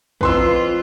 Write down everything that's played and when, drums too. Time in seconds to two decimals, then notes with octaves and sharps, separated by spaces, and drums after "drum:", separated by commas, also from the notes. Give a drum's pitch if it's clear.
0.21 F2 F4 B4 C6 E6, drum: kick